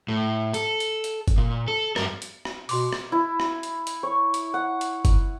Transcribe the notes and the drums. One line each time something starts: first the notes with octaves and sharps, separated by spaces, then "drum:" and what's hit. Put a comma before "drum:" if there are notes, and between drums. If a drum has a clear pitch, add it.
A2
A4, drum: hi-hat
drum: hi-hat
drum: hi-hat
drum: kick G1, hi-hat
A#2
A4
G2 A#4, drum: rim click
drum: hi-hat
drum: rim click
B2 F#4 C6 D6, drum: open hi-hat
drum: rim click
E4
drum: rim click
drum: hi-hat
drum: hi-hat
C#5
drum: hi-hat
F#5
drum: hi-hat
drum: kick G1, hi-hat